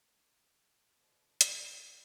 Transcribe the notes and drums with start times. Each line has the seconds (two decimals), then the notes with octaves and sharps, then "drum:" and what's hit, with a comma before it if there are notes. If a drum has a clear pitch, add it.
0.99 B2 D3 F3
1.41 D#4 C#5, drum: hi-hat
1.63 F4 A#4